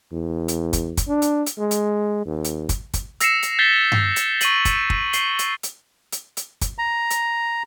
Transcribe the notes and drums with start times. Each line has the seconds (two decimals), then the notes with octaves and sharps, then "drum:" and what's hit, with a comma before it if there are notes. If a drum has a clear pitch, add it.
0.12 E2
0.48 drum: hi-hat
0.73 drum: kick, hi-hat
0.97 drum: kick, hi-hat
1.08 D4
1.22 drum: hi-hat
1.46 drum: hi-hat
1.58 G#3
1.71 drum: hi-hat
2.26 D#2
2.45 drum: hi-hat
2.69 drum: kick, hi-hat
2.94 drum: kick, hi-hat
3.21 E6 A#6 C7 C#7 E7, drum: hi-hat
3.43 drum: hi-hat
3.59 G6 A6 B6 C7 G7
3.92 drum: tom G2
4.16 drum: hi-hat
4.41 C#6 D#7 F#7, drum: hi-hat
4.65 drum: kick, hi-hat
4.90 drum: kick
5.13 C7 G7, drum: hi-hat
5.39 drum: hi-hat
5.63 drum: hi-hat
6.12 drum: hi-hat
6.37 drum: hi-hat
6.61 drum: kick, hi-hat
6.78 A#5
7.11 drum: hi-hat